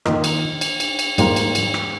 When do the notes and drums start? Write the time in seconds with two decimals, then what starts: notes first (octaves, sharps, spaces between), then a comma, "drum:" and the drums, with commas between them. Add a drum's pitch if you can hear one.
0.05 D#3 A#3 F4 A#4 D#5, drum: rim click
0.24 drum: cymbal
0.61 drum: cymbal
0.80 drum: cymbal
0.99 drum: cymbal
1.18 G#2 G3 A#3 F4 A#4, drum: cymbal
1.36 drum: cymbal
1.55 drum: cymbal
1.74 drum: rim click